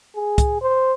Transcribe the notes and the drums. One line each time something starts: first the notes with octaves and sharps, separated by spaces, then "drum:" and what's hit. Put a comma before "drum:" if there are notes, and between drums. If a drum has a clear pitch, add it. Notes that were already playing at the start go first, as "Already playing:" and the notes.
G#4
drum: kick, hi-hat
C5